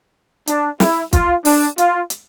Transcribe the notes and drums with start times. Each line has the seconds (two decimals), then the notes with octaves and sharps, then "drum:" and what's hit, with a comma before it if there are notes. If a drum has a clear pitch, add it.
0.47 D4, drum: hi-hat
0.80 E4, drum: snare
1.13 F4, drum: kick, hi-hat
1.45 D4, drum: open hi-hat
1.78 F4, drum: hi-hat
2.10 drum: hi-hat